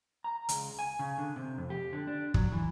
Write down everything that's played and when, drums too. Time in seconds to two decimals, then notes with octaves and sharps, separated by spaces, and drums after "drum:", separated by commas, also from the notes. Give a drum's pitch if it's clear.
0.24 A#5
0.49 C#2, drum: hi-hat
0.79 G#5
0.99 C#3
1.18 D3
1.36 C3
1.58 F2
1.70 G4
1.93 D3
2.07 D4
2.34 F#3, drum: kick
2.52 E3